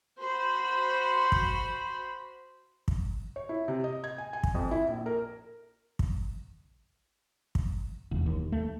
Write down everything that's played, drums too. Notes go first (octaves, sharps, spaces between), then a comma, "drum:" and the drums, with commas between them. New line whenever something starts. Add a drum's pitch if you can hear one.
F#4 C5 B5
drum: kick
drum: kick
C#5
E4
C3
D#5
G#6
G#5
G#5
drum: kick
F2
E4
A#1
A#4
drum: kick
drum: kick
E1
D#2
A3